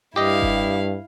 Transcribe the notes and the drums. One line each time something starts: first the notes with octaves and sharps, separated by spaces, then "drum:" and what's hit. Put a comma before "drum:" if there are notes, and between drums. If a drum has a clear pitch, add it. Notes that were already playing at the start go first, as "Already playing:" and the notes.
G2 E4 G4 D#5 F5
drum: kick F1